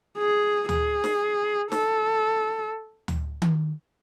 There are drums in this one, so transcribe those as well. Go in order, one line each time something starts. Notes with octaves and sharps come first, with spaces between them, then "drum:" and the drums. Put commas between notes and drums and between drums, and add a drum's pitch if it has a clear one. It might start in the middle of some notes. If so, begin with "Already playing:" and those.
G#4
G#4, drum: tom D2
drum: snare
A4, drum: snare
drum: tom D2
drum: tom D#3